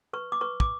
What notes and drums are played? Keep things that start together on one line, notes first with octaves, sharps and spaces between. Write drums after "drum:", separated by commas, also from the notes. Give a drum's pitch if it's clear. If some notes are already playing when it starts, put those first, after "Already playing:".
B4 C#6
D6
B4 C#6
D6, drum: kick